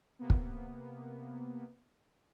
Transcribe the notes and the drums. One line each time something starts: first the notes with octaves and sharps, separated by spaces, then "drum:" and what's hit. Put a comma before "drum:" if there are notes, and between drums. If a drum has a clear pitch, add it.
C3 A#3 B3
drum: kick